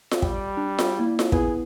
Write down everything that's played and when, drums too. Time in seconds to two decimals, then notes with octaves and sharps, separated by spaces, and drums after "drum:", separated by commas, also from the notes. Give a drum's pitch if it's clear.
0.11 drum: snare F4
0.22 G3 G5, drum: kick
0.57 D4
0.79 drum: snare F4
0.99 A#3 E4
1.19 drum: snare F4
1.32 B3 E4 G#4 B4, drum: kick